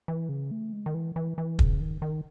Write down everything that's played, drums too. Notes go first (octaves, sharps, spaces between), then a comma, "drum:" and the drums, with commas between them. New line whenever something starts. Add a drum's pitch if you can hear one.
E3
C#3
A3
G#3
D#3
E3
E3
E3
C#3, drum: kick
D#3
D#3